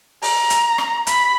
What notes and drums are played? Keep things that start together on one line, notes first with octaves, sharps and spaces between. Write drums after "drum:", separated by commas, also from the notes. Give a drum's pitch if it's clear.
A#5, drum: open hi-hat
drum: hi-hat
drum: rim click
B5, drum: hi-hat